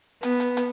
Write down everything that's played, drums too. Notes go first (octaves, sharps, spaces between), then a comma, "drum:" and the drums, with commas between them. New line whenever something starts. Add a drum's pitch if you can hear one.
B3, drum: hi-hat
drum: hi-hat
drum: hi-hat